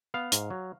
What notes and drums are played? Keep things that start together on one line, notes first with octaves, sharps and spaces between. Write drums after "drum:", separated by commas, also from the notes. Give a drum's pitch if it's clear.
B3 F5
G#2, drum: hi-hat
F#3